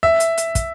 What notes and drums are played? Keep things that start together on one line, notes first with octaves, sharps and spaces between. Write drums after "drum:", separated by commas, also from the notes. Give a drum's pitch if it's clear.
E5
drum: hi-hat
drum: hi-hat
drum: kick, hi-hat